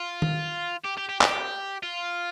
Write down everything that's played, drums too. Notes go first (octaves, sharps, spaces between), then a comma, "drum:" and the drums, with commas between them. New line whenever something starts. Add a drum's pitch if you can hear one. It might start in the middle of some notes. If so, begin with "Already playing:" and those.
Already playing: F4
drum: tom
G4
G4
G4
G4, drum: clap
F4